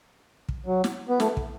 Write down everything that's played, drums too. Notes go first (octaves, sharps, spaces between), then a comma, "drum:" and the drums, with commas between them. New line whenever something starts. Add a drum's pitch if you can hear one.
drum: kick
F#3
drum: snare
B3
A3, drum: snare
drum: kick